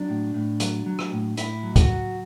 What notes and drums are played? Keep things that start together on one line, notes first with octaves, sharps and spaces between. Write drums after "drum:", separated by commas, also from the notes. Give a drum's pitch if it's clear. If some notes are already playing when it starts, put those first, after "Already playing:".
Already playing: F#3 D4
A2
A2
F#3, drum: hi-hat
F#3
drum: rim click
A2
A2 E4, drum: hi-hat
F#3
F#4, drum: kick, hi-hat
F#3